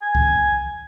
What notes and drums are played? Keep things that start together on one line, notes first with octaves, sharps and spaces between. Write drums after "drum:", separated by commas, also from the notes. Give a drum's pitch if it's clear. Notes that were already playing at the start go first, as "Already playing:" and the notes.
G#5
drum: kick C2